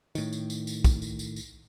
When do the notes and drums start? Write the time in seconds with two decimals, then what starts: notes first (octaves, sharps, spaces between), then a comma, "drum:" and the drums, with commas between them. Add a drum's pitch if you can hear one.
0.15 A2 D#3, drum: tambourine
0.33 drum: tambourine
0.50 drum: tambourine
0.67 drum: tambourine
0.84 drum: kick, tambourine
1.02 drum: tambourine
1.19 drum: tambourine
1.36 drum: tambourine